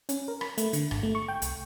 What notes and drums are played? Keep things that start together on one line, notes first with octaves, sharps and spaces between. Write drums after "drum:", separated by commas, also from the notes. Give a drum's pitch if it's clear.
C#4, drum: hi-hat
A#4
B5, drum: rim click
A3, drum: hi-hat
D3, drum: hi-hat
G#1, drum: rim click
A3
C#6
G5
C2, drum: hi-hat